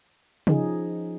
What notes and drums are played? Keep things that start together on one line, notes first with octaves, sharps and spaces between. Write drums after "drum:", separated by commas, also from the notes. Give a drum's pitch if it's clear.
F3 C#4 D#4 G#4, drum: tom